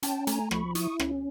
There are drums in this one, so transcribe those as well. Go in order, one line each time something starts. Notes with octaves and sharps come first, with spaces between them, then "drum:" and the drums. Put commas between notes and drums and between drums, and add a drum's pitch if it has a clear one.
C#4 G5 A5, drum: hi-hat
A3 G#5 A#5, drum: hi-hat
F3 B5 C#6, drum: rim click
E4 C#6 D#6, drum: hi-hat
C#4, drum: rim click